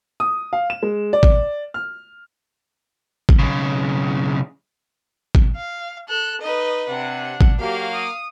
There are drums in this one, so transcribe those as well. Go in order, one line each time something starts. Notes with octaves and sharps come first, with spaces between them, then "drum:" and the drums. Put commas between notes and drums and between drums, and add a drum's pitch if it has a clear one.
D#6
F5
E7
G#3
D5
drum: kick
F6
drum: kick
B1 C#3
drum: kick
F5
A4 F#6
D#4 B4 D#5
C3 D4 F#5
drum: kick
F#3 A#3 F#4 G4 F5
D#6